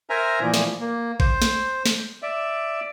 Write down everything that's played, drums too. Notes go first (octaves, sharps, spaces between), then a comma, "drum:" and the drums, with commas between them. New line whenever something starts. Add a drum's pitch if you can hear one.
A#4 C5 E5 G#5 A#5
A#2 E3 F3
drum: snare
A#3
C5, drum: kick
drum: snare
drum: snare
D5 E5